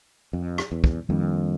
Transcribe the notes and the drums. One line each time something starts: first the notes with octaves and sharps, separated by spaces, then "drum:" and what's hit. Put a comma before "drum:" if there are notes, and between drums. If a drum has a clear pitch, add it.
F2
drum: rim click
E2
drum: kick
F2 D#3 G3 A#3 D4